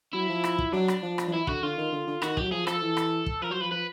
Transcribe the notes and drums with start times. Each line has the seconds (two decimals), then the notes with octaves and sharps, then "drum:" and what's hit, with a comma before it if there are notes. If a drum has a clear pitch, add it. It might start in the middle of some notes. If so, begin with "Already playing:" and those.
0.13 F#3 E4
0.29 F3
0.44 drum: rim click
0.59 drum: kick
0.73 F#3 D4
0.88 drum: rim click
1.03 F3
1.18 drum: rim click
1.28 F3
1.33 E3 E4
1.47 D3 F#4, drum: kick
1.63 D3 F4
1.78 D#3
1.92 D3
2.07 D3
2.22 D#3 F#4, drum: rim click
2.37 F#3 G4, drum: kick
2.52 F3 G#4
2.67 F3 A4, drum: rim click
2.82 E3
2.97 drum: rim click
3.26 drum: kick
3.42 F3 A#4
3.51 F#3 C5
3.61 F3 B4
3.71 F3 B4